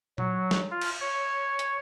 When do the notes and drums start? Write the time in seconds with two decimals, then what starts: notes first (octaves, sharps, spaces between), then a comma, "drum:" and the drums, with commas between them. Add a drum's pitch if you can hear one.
0.18 F#3, drum: tom A#2
0.51 drum: snare
0.71 F4
0.81 drum: cymbal
1.01 C#5
1.59 drum: hi-hat